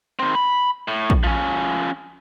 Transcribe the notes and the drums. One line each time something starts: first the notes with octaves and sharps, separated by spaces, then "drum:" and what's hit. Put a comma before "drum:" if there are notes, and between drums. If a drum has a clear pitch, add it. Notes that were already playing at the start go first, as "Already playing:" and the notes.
D#3 C4
B5
A2
drum: kick A#1
F3 C#4